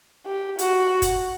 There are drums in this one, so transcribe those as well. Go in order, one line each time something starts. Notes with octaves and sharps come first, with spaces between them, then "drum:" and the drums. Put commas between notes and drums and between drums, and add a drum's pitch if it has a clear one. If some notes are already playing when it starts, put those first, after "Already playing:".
G4
F#4, drum: hi-hat
drum: kick, hi-hat